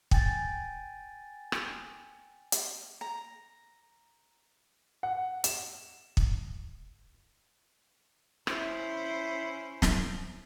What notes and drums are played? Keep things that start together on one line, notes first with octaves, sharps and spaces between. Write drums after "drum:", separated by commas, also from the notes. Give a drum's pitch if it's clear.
G5 G#5 A6, drum: kick
drum: rim click
drum: hi-hat
A#5
F#5
E7, drum: hi-hat
drum: kick
C#4 E4 C5, drum: rim click
drum: snare